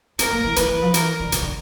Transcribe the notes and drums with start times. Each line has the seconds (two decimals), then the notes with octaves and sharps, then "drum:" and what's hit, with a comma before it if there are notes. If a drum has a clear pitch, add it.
0.19 C4 A#4, drum: hi-hat
0.32 A#3
0.45 E3
0.56 E3 B4, drum: hi-hat
0.69 E3
0.82 F3
0.94 E3 A#4, drum: hi-hat
1.20 D3
1.32 D3, drum: hi-hat
1.42 D3